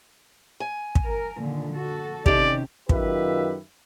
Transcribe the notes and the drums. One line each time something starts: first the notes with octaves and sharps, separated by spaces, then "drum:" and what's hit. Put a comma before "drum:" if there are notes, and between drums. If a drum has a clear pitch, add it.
G#5
drum: kick
A#4
A#2 D3 D#3
F#4 A4
C3 D#3 C#4 G4 D5, drum: kick
F#2 D#3 F4 G4 B4 E5, drum: kick